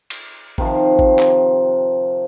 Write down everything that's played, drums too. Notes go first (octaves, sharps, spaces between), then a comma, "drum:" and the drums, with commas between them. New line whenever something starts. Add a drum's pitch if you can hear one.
drum: cymbal
C3 D#3 F3, drum: kick G#1
drum: kick G#1
drum: clap